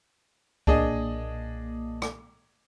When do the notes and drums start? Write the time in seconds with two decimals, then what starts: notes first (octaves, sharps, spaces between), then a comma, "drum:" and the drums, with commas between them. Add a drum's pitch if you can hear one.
0.67 B1 A#2 A#3 D4 G#4 D#5, drum: kick C#2
2.02 drum: rim click